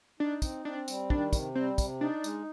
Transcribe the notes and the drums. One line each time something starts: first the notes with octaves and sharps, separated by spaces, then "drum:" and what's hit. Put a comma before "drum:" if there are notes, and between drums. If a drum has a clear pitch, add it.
D4 D#4
C4, drum: kick, tambourine
C4 D4
G3, drum: tambourine
D#3 D4, drum: kick
C3, drum: kick, tambourine
G3 C4
C3, drum: kick, tambourine
D4 D#4
G#3, drum: tambourine